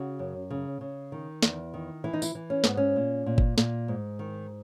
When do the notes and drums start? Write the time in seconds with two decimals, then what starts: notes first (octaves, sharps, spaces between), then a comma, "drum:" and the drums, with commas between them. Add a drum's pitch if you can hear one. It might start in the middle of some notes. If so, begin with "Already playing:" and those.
Already playing: C#3 F#4
0.19 F#2
0.50 C#3
0.81 C#3
1.12 D#3
1.43 E2, drum: snare
1.74 D#3
2.04 E3 E4
2.13 D#4
2.22 E4, drum: tambourine
2.35 E3
2.50 C#4
2.64 G#2 B3, drum: snare
2.77 C#4
2.96 A#2
3.26 A#2
3.38 drum: kick G1
3.58 A#2, drum: snare
3.88 G#2
4.19 D#3